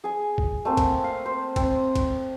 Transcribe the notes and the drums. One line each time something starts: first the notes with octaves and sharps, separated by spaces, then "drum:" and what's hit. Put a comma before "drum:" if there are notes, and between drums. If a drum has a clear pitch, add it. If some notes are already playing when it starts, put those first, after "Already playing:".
G#4 G#5
drum: kick
A3 A#3 C4
drum: kick, cymbal
F5
C5
C4, drum: kick, cymbal
drum: kick, cymbal